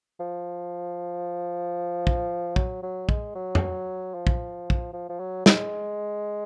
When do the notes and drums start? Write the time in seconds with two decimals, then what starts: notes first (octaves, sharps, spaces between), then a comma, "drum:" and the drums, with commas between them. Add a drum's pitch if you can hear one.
0.20 F3
2.07 drum: kick
2.56 F#3, drum: kick
2.82 F#3
3.09 G#3, drum: kick
3.35 F#3
3.55 drum: tom
4.14 F3
4.27 drum: kick
4.70 drum: kick
4.93 F3
5.09 F3
5.19 F#3
5.46 G#3, drum: snare